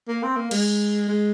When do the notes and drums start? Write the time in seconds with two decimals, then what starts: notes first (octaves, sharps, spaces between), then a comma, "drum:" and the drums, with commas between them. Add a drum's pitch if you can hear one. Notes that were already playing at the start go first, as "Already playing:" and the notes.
0.08 A#3
0.23 C4
0.36 A#3
0.51 G#3, drum: cymbal
1.08 G#3